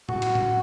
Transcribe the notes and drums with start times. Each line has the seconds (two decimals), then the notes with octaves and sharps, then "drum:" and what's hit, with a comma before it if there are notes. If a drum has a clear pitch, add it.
0.09 F#4, drum: tom A2
0.22 drum: cymbal
0.35 drum: tom A2